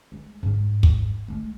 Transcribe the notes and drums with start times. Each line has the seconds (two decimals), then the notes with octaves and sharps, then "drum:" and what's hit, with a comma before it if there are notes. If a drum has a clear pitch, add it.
0.12 G#3
0.43 G#2 G#3
0.83 drum: kick
1.28 G#3 A3